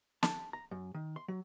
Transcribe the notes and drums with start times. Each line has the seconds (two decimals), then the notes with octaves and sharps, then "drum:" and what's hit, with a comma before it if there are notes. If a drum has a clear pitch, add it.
0.23 A5, drum: snare
0.53 A#5
0.71 F#2
0.94 D#3
1.16 C6
1.28 F#3